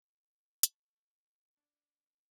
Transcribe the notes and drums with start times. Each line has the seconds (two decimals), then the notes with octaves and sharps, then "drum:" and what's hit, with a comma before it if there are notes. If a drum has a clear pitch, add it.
0.01 A5 C#6
0.63 drum: hi-hat
1.57 D4